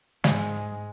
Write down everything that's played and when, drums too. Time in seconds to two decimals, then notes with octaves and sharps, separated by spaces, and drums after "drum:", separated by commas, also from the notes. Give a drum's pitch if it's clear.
0.24 G#2 G#3, drum: snare